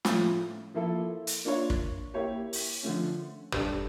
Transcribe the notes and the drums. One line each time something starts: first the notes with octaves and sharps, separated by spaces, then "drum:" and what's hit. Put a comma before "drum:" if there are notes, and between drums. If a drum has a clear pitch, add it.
A2 F3 A3 C#4 F4, drum: snare
F3 A#3 E4 A4
drum: hi-hat
A#3 D4 F4 C#5
drum: kick
A#3 E4 G4 C#5
drum: open hi-hat
D3 F3 A3 C#4
G3 D4 A4 D5, drum: tom